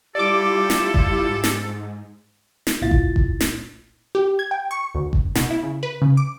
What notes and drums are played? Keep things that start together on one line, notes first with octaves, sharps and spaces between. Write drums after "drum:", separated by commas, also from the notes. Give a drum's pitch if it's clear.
G3 E4 F4 G4 A4 D5 D6
drum: snare
drum: kick F#1
G#2
drum: snare
drum: snare
C2 A#2 E4 F4 A6
drum: kick F#1
drum: kick F#1
drum: snare
G4
G#6
G5
C#6
D2
drum: kick F#1
B2, drum: snare
E4
C#3
B4
C#3
D6